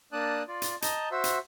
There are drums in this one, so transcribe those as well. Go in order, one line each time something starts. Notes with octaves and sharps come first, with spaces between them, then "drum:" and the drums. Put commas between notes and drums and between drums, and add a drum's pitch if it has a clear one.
A#3 D4 D5 A5 D#6 F#6
F4 D5
drum: hi-hat
D#5 A5 A#5 G6, drum: hi-hat
F#4 C5 E5
drum: hi-hat